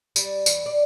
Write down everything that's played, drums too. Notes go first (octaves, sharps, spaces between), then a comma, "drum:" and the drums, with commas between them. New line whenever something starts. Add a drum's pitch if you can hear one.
G3, drum: tambourine
E2, drum: tambourine
D5